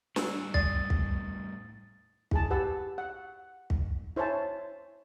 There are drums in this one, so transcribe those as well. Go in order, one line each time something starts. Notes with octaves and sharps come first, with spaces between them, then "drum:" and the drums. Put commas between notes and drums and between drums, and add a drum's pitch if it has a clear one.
A2 G3 G#5 E6 F#6, drum: snare
D5 D#6 A6, drum: kick
drum: kick
E4 G#4 A5, drum: kick
G4 B4 F#5 A5 E6
F#5
drum: kick
E4 C5 C#5 E5 G#5 A5